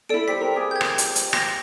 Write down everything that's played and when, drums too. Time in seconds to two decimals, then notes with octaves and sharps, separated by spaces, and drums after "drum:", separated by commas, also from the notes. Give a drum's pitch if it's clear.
0.09 E4 A4 D5 D7
0.28 G3 C4 B6
0.41 A#4
0.56 G4 G#4 D5
0.71 G6 G#6
0.81 drum: rim click
0.98 drum: hi-hat
1.15 drum: hi-hat
1.33 A#6, drum: rim click